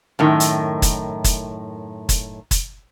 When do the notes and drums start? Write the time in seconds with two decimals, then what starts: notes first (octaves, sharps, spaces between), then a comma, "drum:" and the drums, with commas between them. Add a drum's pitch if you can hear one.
0.19 F#2 A2 D#3
0.40 drum: hi-hat
0.82 drum: kick, hi-hat
1.24 drum: kick, hi-hat
2.09 drum: kick, hi-hat
2.51 drum: kick, hi-hat